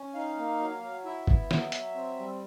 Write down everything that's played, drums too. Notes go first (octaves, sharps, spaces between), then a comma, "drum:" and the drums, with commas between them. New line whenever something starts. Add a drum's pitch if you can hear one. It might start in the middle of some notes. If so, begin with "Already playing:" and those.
Already playing: C#4
D#4 F5
A#3
F#3
F#3
E4 E5
B3, drum: kick
F#3, drum: snare
F#3, drum: hi-hat
C4
G3